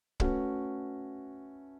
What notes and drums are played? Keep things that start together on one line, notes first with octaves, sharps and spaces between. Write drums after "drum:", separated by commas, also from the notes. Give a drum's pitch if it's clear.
A3 C#4 F#4 B4, drum: kick